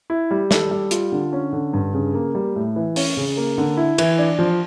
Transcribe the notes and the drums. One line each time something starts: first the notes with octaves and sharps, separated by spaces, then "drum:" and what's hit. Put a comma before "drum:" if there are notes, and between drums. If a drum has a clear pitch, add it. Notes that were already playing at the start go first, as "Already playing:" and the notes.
E4
G3
A4, drum: snare
G3
F4, drum: hi-hat
D3
C#4
D3
G2
C#3
A#3
G3
A2
E3
C#4, drum: open hi-hat
C#3
A#3
D3
E4
E3, drum: cymbal
D4
F3